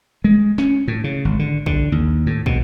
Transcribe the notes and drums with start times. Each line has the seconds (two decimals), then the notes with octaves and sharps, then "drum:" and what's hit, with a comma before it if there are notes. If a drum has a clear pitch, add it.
0.24 G#3
0.58 C#4, drum: snare
0.88 A2
1.04 C#3
1.25 G#1
1.39 D3
1.66 D3, drum: kick
1.92 D#2
2.26 A2
2.46 B2, drum: kick